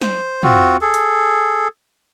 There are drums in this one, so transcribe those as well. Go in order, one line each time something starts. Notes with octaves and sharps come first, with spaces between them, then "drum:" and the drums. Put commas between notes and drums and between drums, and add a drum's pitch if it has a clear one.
C5, drum: snare
C4 F4 F#4, drum: tom
G#4 A4
drum: hi-hat